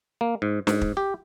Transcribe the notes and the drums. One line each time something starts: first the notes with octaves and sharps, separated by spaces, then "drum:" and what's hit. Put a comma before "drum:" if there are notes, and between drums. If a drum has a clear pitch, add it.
A#3
G#2
G#2, drum: snare
drum: kick
G4